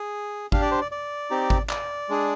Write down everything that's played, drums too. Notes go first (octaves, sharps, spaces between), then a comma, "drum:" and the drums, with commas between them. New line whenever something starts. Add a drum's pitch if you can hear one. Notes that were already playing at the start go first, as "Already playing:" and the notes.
Already playing: G#4
D4 G4 F5, drum: kick G#1
D5
C5
D5
D5
C4 D#4 G4
drum: kick G#1
D5, drum: clap
G#3 D4 G#4